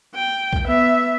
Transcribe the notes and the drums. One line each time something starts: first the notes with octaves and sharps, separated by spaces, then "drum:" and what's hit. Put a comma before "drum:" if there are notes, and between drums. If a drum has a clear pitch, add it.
G5
drum: kick B1
B3 E5